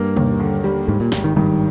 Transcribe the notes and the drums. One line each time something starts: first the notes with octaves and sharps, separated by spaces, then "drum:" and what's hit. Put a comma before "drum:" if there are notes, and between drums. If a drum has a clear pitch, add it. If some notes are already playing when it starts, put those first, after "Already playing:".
Already playing: G2 A#3
D#2, drum: tom B2
D3
G3
G#2 G3
A#2
G#1, drum: snare
D#3
G2 D#3